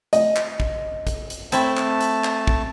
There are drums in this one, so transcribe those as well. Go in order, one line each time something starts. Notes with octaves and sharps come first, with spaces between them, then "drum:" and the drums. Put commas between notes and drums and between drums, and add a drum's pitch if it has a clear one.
D#5, drum: hi-hat
drum: clap
drum: kick
drum: kick, hi-hat
drum: hi-hat
A3 C4 E4 A5, drum: hi-hat
drum: clap
drum: hi-hat
drum: clap
drum: kick